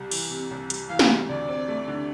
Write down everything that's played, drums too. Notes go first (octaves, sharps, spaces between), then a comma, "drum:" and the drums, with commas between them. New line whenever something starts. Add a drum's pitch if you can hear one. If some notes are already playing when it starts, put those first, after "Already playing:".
Already playing: C2 G3
E3, drum: open hi-hat
C3
C2
G3, drum: hi-hat
E3 F5
drum: snare
C3
D2 D5
C4
A3
D3